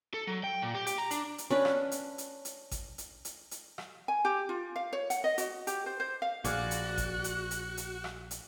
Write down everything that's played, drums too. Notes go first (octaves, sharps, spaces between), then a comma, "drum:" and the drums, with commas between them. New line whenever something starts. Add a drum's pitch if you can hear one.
A4
F#3
G5
A#2
G4
G4, drum: hi-hat
A#5
D4, drum: hi-hat
drum: hi-hat
C#4 D4 B4
drum: rim click
drum: hi-hat
drum: hi-hat
drum: hi-hat
drum: kick G#1, hi-hat
drum: hi-hat
drum: hi-hat
drum: hi-hat
drum: rim click
G#5
G4
F4
F5
C#5
F#5, drum: hi-hat
D#5
F#4, drum: hi-hat
G4, drum: hi-hat
C5
C5
F5
A#1 F#4 G#4 D5 F5 F#6, drum: hi-hat
drum: hi-hat
drum: kick G#1, hi-hat
drum: hi-hat
drum: hi-hat
drum: hi-hat
drum: rim click
drum: hi-hat